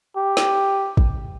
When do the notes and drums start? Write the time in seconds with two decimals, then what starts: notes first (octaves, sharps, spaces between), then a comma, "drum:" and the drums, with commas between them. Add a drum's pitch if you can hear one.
0.17 G4
0.37 drum: snare
0.97 drum: kick